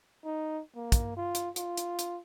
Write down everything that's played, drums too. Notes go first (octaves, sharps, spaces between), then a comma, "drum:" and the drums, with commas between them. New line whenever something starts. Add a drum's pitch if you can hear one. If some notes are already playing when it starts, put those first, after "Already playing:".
D#4
A#3
drum: kick, hi-hat
F4
drum: hi-hat
F4, drum: hi-hat
drum: hi-hat
drum: hi-hat